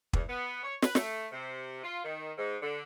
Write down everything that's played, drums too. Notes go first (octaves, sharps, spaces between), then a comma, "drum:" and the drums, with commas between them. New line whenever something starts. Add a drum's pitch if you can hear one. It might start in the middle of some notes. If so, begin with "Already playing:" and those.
E2, drum: kick
B3
C#5
B4, drum: snare
A3, drum: snare
C3
F4
D#3
G#2
D3